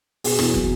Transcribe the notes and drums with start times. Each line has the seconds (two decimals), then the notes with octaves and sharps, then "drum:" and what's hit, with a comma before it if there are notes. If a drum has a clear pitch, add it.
0.24 B2 G#4, drum: open hi-hat
0.39 E2, drum: rim click
0.54 F#3, drum: kick